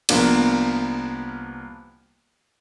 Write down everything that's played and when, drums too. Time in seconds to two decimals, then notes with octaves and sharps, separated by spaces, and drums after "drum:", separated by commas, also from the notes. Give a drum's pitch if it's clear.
0.09 C2 F3 A#3 B3 D4, drum: cymbal